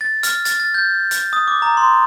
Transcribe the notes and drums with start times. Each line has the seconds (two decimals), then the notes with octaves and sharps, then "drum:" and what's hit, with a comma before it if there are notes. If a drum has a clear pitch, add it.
0.01 A6
0.23 F6, drum: hi-hat
0.45 A6, drum: hi-hat
0.60 A6
0.74 G6
1.11 drum: hi-hat
1.33 D#6
1.48 D6
1.62 A#5
1.77 C6